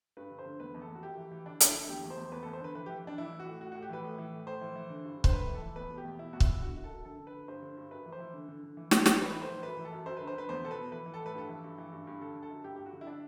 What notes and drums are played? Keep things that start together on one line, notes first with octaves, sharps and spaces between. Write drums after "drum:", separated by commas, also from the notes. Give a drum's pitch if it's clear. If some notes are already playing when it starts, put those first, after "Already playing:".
G2 B4
D3
C5
D3
E2 B4
E2
A4
E2
F#4
F#2 G4
E3
E3
D3 D4
F#2 D4, drum: hi-hat
E4
D3
E2 G4
E2
C5
E2
E2 B4
E2 A4
C5
D3 B4
E3 B4
E3 G4
E3 D4
E3 E4
E3
F#4
A2
A2 F#4
A2 F#4
G4
E3 B4
A2
E3
A2
A2 C5
E3
E3
D3
G2
D3
C5, drum: kick C#1
A2 B4
E3
A4
E3
E2 B4
B2
G4
E2
B2 E4
E2 F#4
E4, drum: kick C#1
B2
D3 F#4
F#2
A4
F#2
D3 A4
D3
B4
D3
G2 C5
D3
G2
F#2 B4
E3
C5
E3
D3
D3
D3
E3
E3, drum: snare
E3, drum: snare
E3 B4
A2 B4
C5
E3
F#2 B4
E3
A4
F#2
F#2 C5
D3 B4
C5
D3 B4
E2 C5
B2 A4
B4
B2
E3 B4
E3
A4
A2
B4
G2 A4
E3
G2
E3
G2
G2
D3 A4
D3
A4
F#2
G2 G4
G2 G4
F#4
D3
E4
D4